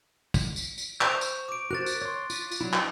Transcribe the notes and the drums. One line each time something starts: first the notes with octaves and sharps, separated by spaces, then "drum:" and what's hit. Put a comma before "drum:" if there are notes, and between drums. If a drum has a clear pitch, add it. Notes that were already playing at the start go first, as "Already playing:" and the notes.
drum: kick, tambourine
drum: tambourine
drum: tambourine
C5 C#6 G6 F7, drum: clap
drum: tambourine
D6 D7
F#4 A#4 C5 F#6 A6
drum: tambourine
C#5 C6
F4, drum: tambourine
drum: tambourine
F#3 D4 E4
drum: clap